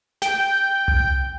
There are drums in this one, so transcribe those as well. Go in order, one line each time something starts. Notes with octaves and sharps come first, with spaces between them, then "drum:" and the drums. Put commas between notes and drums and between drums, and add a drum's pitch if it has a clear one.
G5, drum: snare
drum: tom C2